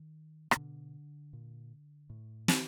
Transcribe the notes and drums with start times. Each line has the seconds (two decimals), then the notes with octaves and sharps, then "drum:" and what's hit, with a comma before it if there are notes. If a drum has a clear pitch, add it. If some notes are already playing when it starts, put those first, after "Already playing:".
Already playing: D#3
0.51 D#3, drum: rim click
0.56 B2 D3
1.33 A#2
2.10 A2
2.48 D#3, drum: snare